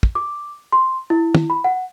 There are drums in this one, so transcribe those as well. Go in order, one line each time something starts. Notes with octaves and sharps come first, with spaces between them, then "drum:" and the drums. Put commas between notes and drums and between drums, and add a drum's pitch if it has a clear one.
drum: kick
D6
C6
E4
drum: tom
B5
F#5